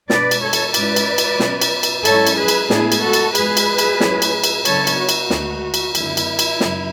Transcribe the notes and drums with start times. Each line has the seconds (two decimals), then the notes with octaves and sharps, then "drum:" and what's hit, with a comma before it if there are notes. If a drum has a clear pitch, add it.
0.10 B2 G#3 D4 B4 D5, drum: snare
0.31 drum: cymbal
0.42 A4 C#5
0.53 drum: cymbal
0.74 G#2 G#3 C#4 E4 B4 D5, drum: cymbal
0.96 drum: cymbal
1.18 drum: cymbal
1.40 B2 F#3 C#4, drum: snare
1.61 drum: cymbal
1.83 drum: cymbal
2.05 G#2 F#3 C#4 E4 A4 C#5, drum: cymbal
2.27 drum: cymbal
2.38 G#4 B4
2.48 drum: cymbal
2.70 A2 G#3 B3 D4 E4 G#4, drum: snare
2.92 drum: cymbal
3.02 F#4 A4
3.13 drum: cymbal
3.35 G#2 G#3 B3 G#4 B4, drum: cymbal
3.57 drum: cymbal
3.78 drum: cymbal
4.00 A2 F#3 C#4 E4, drum: snare
4.22 drum: cymbal
4.44 drum: cymbal
4.65 C#3 F#3 B3 D4 A4 C#5, drum: cymbal
4.87 drum: cymbal
4.98 F#4
5.09 drum: cymbal
5.30 D2 D3 G#3, drum: snare
5.74 drum: cymbal
5.95 F#2 D3 G#3 B3 E4, drum: cymbal
6.17 drum: cymbal
6.39 drum: cymbal
6.60 F#2 C#3 F#3, drum: snare